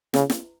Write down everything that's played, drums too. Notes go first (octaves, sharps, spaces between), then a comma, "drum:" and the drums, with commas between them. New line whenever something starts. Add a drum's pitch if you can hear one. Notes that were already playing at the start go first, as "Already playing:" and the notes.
C#3, drum: snare
drum: snare